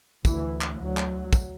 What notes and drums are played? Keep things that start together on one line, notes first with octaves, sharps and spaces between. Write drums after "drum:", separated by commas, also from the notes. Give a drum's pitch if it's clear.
D2 E3, drum: kick, tambourine
drum: clap
D2 F#3
drum: clap
drum: kick, tambourine